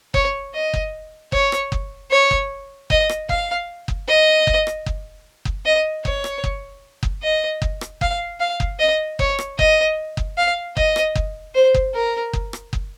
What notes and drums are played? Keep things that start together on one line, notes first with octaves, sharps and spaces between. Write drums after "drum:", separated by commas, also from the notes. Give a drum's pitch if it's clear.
C#5, drum: kick F#1
D#5
drum: kick F#1
C#5, drum: kick F#1
drum: rim click
drum: kick F#1
C#5
drum: kick F#1
D#5, drum: kick F#1
drum: rim click
F5, drum: kick F#1
drum: kick F#1
D#5
drum: kick F#1
drum: rim click
drum: kick F#1
drum: kick F#1
D#5
C#5, drum: kick F#1
drum: rim click
drum: kick F#1
drum: kick F#1
D#5
drum: kick F#1
drum: rim click
F5, drum: kick F#1
F5
drum: kick F#1
D#5
C#5, drum: kick F#1
drum: rim click
D#5, drum: kick F#1
drum: kick F#1
F5
D#5, drum: kick F#1
drum: rim click
drum: kick F#1
C5
drum: kick F#1
A#4
drum: kick F#1
drum: rim click
drum: kick F#1